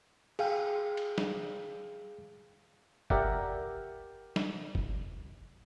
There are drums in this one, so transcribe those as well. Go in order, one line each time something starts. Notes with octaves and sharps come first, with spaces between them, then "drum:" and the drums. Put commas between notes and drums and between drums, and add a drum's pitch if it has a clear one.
G#4 F5 G5, drum: cymbal
drum: cymbal
drum: snare
G4 A#4 D5 E5 F#5, drum: kick
drum: snare
drum: kick